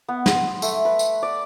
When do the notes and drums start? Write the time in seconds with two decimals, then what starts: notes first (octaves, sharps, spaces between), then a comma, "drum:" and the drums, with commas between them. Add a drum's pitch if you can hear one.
0.08 B3
0.26 C6, drum: snare
0.62 A3, drum: tambourine
0.85 B4
0.99 drum: tambourine
1.23 D5